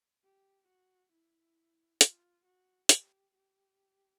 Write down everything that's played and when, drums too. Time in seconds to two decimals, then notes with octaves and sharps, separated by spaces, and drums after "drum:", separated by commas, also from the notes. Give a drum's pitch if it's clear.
0.24 G4
0.68 F#4
1.12 E4
2.01 F4, drum: hi-hat
2.45 F#4
2.89 G4, drum: hi-hat
3.35 G4